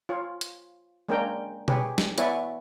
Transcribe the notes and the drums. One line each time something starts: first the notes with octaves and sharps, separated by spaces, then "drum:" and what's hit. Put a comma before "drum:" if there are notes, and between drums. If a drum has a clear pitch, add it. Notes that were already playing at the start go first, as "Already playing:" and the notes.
F4 C#5
drum: hi-hat
G#3 A#3 C#4 D4 A#4 G5
G4 G#4 B4 C#5, drum: tom B2
drum: snare
B3 E4 B4 C#5 D5 G#5, drum: hi-hat